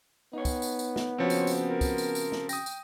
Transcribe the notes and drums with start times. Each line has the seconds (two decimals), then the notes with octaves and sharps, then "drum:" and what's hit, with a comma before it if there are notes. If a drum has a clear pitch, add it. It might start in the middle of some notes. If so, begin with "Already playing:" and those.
0.33 B3 D#4 C#5
0.45 drum: kick, tambourine
0.62 drum: tambourine
0.79 drum: tambourine
0.96 drum: snare
1.18 C#3 F3 C4 F#4 C#5
1.30 drum: tambourine
1.47 drum: tambourine
1.68 A#4
1.81 drum: kick, tambourine
1.98 drum: tambourine
2.15 drum: tambourine
2.32 drum: snare
2.49 G5 D#6 A#6, drum: tambourine
2.66 drum: tambourine